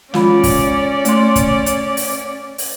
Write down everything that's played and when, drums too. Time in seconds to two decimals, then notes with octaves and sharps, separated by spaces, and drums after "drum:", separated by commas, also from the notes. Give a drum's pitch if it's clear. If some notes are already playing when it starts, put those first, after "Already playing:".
0.14 G#3 C#4 F4 D5 B5, drum: snare
0.44 drum: kick, open hi-hat
1.05 A3 C6, drum: hi-hat
1.36 drum: kick, hi-hat
1.66 drum: hi-hat
1.97 drum: open hi-hat
2.58 drum: open hi-hat